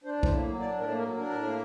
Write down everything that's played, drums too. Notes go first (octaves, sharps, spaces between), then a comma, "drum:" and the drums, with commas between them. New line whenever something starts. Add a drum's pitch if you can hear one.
D4 C5
A2
C5, drum: kick B1
A#3
F#3
D4 D5
A2 A#4
A#3
A#4
F#3
D4 A#4
A2
A#3